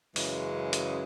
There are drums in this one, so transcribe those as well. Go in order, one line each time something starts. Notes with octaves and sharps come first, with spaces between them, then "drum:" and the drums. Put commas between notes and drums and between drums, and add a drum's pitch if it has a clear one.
F#2 C#3 E3 G#3, drum: open hi-hat
drum: hi-hat